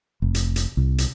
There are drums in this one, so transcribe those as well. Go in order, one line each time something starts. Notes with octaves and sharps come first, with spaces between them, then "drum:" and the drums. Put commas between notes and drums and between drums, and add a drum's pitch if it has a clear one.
F1
drum: hi-hat
drum: hi-hat
C2
drum: hi-hat